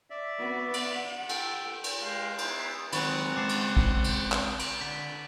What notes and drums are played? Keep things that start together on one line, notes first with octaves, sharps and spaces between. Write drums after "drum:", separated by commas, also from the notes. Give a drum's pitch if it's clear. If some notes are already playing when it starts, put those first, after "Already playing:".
D5 E5
B3 F#4
F#5, drum: cymbal
A4 G5, drum: cymbal
drum: cymbal
G#3 F5 G5
B3 D#4 E4 C5, drum: cymbal
D#3 F#3 G#3 C4 F#5 B5 C#6, drum: cymbal
C#3 G#3 A5 D6 C7
drum: cymbal
drum: kick
drum: cymbal
drum: clap
drum: cymbal
D3 B6